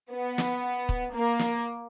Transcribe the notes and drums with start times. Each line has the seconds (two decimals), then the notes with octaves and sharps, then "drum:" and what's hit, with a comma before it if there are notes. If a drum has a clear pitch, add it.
0.12 B3
0.38 drum: snare
0.89 drum: kick
1.14 A#3
1.39 drum: snare